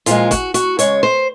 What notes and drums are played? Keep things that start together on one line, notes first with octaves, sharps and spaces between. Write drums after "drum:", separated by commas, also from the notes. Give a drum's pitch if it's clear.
A#2 F3 G#3 F4, drum: hi-hat
F#4, drum: kick, hi-hat
F#4, drum: hi-hat
C#3 G#3 C#5, drum: hi-hat
C5